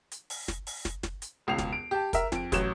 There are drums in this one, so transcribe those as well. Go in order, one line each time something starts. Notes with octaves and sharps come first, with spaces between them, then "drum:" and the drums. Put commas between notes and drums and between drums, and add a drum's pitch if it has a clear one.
drum: hi-hat
drum: open hi-hat
drum: snare
drum: open hi-hat
drum: snare
drum: snare
drum: hi-hat
E1 C#2 C7 F7
drum: snare
D7
G4 A5
A#4 E5, drum: kick, hi-hat
F2 D7, drum: snare
A1 F#3 E7, drum: kick, hi-hat